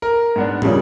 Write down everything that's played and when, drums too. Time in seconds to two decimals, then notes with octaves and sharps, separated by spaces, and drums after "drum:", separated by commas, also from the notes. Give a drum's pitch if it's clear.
0.02 A#4
0.36 G#2 B3 D4
0.62 A#2 C#3 F3 G3 G#3, drum: tom